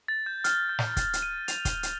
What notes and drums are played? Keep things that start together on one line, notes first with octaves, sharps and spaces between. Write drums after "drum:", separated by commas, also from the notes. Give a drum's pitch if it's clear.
A6
G6
F6, drum: hi-hat
G6
drum: snare
A6, drum: kick, hi-hat
drum: hi-hat
D#7
F7, drum: hi-hat
G7, drum: kick, hi-hat
drum: hi-hat